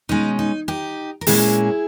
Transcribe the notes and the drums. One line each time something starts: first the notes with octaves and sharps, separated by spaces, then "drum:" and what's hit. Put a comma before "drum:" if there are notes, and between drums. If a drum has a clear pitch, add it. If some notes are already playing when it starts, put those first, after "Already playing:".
B2 G#3 C#4 D#4
D#4
D#4 G4
A#4
A#2 G#3 C#4 E4 G#4, drum: open hi-hat